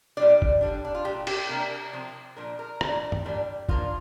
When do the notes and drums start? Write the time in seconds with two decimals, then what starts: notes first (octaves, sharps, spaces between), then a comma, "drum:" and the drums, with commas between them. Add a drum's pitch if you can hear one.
0.17 A#2 G3 D4 D5
0.42 drum: kick F#1
0.61 D3 G3 D4
0.85 D4
0.95 F4
1.05 A#2 G3 D4 G4
1.27 G4, drum: cymbal
1.49 C3 A#3 D4 A#4
1.93 C3 F3 C4
2.37 A#2 F3 D4 A#4
2.59 A#4
2.81 A#2 G3 D4, drum: rim click
3.12 drum: tom G2
3.25 A#2 G3 A#3 D4
3.69 F3 A#3 D4 F4, drum: kick F#1